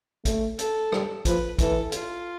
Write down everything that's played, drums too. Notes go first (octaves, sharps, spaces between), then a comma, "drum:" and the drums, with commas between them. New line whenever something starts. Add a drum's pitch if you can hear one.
A3, drum: kick, hi-hat
A4, drum: hi-hat
G3, drum: rim click
F3 B4, drum: kick, hi-hat
E3 A4, drum: kick, hi-hat
F4, drum: hi-hat